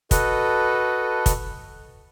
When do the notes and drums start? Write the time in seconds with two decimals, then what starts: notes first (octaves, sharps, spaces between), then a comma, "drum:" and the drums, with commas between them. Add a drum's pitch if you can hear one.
0.11 F#4 A4 B4 D#5, drum: kick, hi-hat
1.26 drum: kick, hi-hat